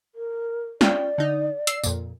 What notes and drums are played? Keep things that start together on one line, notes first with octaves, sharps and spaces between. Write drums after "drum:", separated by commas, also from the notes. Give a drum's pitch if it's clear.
A#4
C#4 F4 D5 G5, drum: snare
D3 D#4
E6 C7, drum: hi-hat
F2 A#2, drum: tambourine